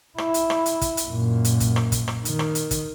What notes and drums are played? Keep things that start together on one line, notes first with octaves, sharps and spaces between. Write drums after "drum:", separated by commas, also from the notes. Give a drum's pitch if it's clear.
E4, drum: rim click
drum: hi-hat
drum: rim click
drum: hi-hat
drum: kick, hi-hat
drum: hi-hat
F#2 A#2
drum: hi-hat
drum: kick, hi-hat
drum: rim click
drum: kick, hi-hat
drum: rim click
D#3, drum: hi-hat
drum: rim click
drum: hi-hat
drum: kick, hi-hat